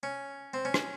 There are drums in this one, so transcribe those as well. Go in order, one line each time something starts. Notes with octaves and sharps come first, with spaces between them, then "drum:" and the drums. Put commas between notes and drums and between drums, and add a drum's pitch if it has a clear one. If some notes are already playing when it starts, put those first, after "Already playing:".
C#4
C4
C#4
drum: rim click